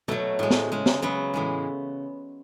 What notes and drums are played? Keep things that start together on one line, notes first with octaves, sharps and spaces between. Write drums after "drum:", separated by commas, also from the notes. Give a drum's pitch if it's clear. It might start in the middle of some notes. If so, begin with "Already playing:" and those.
B2 F#3 A3, drum: tom
A2 G#3
drum: snare
C#3 G#3
drum: snare
C#3 F#3 B3
A2 E3 G#3